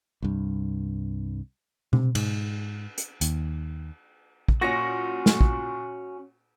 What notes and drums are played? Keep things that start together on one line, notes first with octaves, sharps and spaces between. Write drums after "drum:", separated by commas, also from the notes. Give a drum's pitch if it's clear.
C2 G2
C3, drum: tom B2
G#2, drum: cymbal
drum: hi-hat
D#2, drum: hi-hat
drum: kick
A#2 C#4 F#4 A#6 C#7
drum: snare
drum: kick